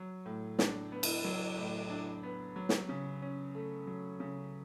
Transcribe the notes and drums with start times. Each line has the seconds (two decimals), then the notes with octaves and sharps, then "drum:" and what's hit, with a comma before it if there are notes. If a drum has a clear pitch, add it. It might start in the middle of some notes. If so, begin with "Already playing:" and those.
Already playing: F#3
0.25 A2
0.59 D4, drum: snare
0.92 B3
1.03 drum: cymbal
1.24 F#3
1.58 A2
1.90 D4
2.23 B3
2.56 F#3
2.69 drum: snare
2.89 C#3
3.22 C#4
3.55 A3
3.87 F#3
4.20 C#3